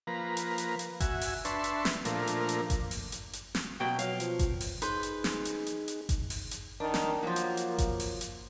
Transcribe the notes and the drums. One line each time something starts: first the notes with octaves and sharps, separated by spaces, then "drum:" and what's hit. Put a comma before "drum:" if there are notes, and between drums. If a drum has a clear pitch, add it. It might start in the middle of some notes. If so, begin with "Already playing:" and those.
F3 A#3 B4 A#5
drum: hi-hat
drum: hi-hat
drum: hi-hat
F#4 E5 G#5, drum: kick G1, hi-hat
drum: open hi-hat
D4 B4 E5 A5 C6 C#6, drum: hi-hat
drum: hi-hat
drum: snare
A#2 F3 A3 D4 A#4, drum: hi-hat
drum: hi-hat
drum: hi-hat
drum: kick G1, hi-hat
drum: open hi-hat
drum: hi-hat
drum: hi-hat
drum: snare
B2 F#3 G5
F#3 F5, drum: hi-hat
F3, drum: hi-hat
drum: kick G1, hi-hat
drum: open hi-hat
D#4 G#4 B4 C5, drum: hi-hat
drum: hi-hat
drum: snare
drum: hi-hat
drum: hi-hat
drum: hi-hat
drum: kick G1, hi-hat
drum: open hi-hat
drum: hi-hat
D#3 D4
drum: snare
F3 F#3 A#3
drum: hi-hat
drum: hi-hat
drum: kick G1, hi-hat
drum: open hi-hat
drum: hi-hat